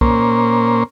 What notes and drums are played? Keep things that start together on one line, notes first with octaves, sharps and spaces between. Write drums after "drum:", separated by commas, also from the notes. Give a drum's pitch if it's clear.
A#2 A#3 C#4 C5, drum: kick